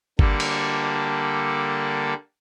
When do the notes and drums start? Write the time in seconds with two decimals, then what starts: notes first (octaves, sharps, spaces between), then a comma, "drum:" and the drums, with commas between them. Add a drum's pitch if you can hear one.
0.19 D3 G3 A#3 A4, drum: kick G#1
0.40 drum: cymbal